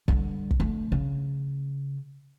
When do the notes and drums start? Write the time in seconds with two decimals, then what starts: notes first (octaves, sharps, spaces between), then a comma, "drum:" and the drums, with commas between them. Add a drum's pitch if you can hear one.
0.08 D3 G3, drum: kick
0.51 drum: kick
0.60 D3 A3
0.92 C#3